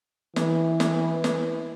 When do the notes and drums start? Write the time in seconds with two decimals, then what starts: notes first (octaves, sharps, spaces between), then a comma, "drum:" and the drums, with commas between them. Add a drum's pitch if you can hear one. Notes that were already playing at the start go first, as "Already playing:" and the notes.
0.36 E3, drum: snare
0.80 drum: snare
1.24 drum: snare